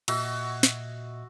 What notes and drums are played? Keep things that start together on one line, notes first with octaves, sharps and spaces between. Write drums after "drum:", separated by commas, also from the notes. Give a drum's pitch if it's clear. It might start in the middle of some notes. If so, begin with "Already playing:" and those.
A#2 F#4 D#5 E5 E6, drum: cymbal
drum: snare